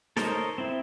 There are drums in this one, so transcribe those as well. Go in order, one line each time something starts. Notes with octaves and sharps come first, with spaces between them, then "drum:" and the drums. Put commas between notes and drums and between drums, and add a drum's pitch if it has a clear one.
A4 A#4 C5 C#5 D#5, drum: snare D#4
C4 E4